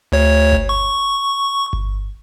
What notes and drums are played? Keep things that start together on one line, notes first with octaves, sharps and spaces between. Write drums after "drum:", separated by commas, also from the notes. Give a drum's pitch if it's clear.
D2 C#5
drum: kick G1
C#6
drum: kick G1